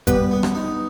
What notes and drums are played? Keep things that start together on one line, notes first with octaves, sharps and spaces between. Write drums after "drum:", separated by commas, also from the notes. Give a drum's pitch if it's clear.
G3 B3 B4, drum: kick G#1, hi-hat
B3
drum: rim click
D#4